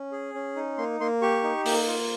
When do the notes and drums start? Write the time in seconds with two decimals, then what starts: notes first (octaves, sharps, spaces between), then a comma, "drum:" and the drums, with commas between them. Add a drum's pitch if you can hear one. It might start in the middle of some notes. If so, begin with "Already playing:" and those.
Already playing: C#4
0.12 G#4
0.34 C#4
0.56 D#4
0.78 A#3 C6
1.00 A#3 C6
1.22 G4 C#6
1.43 D#4
1.66 A#3, drum: open hi-hat
1.88 F4